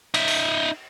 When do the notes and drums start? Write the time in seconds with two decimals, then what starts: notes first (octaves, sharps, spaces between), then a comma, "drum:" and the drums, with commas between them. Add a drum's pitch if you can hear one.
0.14 D#4 E5, drum: cymbal
0.28 drum: open hi-hat